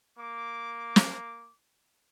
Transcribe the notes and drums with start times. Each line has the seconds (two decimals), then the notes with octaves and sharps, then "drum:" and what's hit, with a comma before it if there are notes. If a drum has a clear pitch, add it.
0.19 A#3 D6
0.96 drum: snare